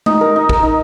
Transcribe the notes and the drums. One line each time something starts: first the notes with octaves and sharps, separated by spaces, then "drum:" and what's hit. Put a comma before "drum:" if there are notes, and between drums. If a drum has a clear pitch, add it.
D#4, drum: tom G#3
A#4
D#4
A#4, drum: kick
D#4